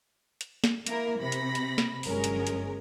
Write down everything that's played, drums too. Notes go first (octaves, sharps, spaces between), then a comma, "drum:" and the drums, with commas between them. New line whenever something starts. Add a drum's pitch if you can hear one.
drum: hi-hat
drum: snare
A#3 E4 A#4, drum: hi-hat
C3 B5 A#6
drum: hi-hat
drum: hi-hat
drum: snare
G1 F#3 G#3 C#4 A#4, drum: open hi-hat
drum: hi-hat
drum: hi-hat